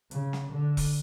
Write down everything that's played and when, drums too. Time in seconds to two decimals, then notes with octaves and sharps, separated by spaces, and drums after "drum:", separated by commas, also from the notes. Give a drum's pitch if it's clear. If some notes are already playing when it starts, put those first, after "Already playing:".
0.11 C#3, drum: hi-hat
0.33 drum: snare
0.51 D3
0.77 drum: kick E1, open hi-hat